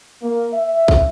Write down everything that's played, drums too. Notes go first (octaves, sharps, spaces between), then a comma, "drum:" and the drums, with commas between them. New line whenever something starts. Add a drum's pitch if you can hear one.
A#3
E5
drum: kick